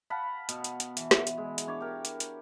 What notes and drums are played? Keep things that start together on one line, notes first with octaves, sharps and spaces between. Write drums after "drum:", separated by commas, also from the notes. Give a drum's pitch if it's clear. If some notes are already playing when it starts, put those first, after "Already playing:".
F5 F#5 A5 B5
B2, drum: hi-hat
drum: hi-hat
drum: hi-hat
E3, drum: hi-hat
drum: snare
drum: hi-hat
G#3 E4
drum: hi-hat
D4 C#5 D6
G4 A#4
drum: hi-hat
drum: hi-hat